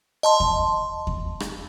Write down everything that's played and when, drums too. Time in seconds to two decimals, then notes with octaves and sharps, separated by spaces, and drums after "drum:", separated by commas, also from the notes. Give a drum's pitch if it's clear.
0.23 D#5 A5 C6
0.40 drum: kick D#2
1.07 drum: kick D#2
1.40 drum: rim click